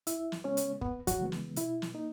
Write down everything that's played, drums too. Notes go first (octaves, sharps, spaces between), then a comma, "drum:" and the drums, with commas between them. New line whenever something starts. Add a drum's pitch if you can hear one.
C#2 E4 E5, drum: hi-hat
drum: snare
C#3 G#3 B3 C#4 C#5
drum: hi-hat
D#2 B3 B4, drum: kick
F#3 F#4, drum: kick, hi-hat
C#3 E3 G#3 B3
drum: snare
B2 E4, drum: hi-hat
drum: snare
A#3 D#4